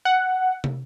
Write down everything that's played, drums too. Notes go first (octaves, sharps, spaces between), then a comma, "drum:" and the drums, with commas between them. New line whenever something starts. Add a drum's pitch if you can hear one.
F#5
drum: tom